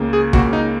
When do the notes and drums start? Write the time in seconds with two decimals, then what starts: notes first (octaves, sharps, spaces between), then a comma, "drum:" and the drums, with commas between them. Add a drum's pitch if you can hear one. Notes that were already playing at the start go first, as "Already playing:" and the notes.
Already playing: C#2 C#3 A#3
0.13 G#4
0.33 C#2 C#3 A#3 F#4, drum: kick
0.53 D#4